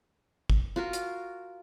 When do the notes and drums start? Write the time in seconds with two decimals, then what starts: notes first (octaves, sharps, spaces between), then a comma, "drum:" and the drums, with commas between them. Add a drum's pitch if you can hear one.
0.50 drum: kick
0.76 F4 F#4 A#4
0.93 drum: hi-hat